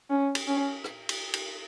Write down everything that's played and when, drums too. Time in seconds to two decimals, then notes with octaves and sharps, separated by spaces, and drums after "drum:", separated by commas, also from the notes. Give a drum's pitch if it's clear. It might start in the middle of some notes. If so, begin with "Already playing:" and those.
0.10 C#4
0.35 drum: cymbal
0.47 C#4
0.84 drum: rim click
1.09 drum: cymbal
1.34 drum: cymbal